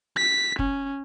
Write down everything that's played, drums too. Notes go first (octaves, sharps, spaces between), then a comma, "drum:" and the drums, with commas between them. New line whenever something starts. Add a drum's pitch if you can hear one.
B6
C#4, drum: kick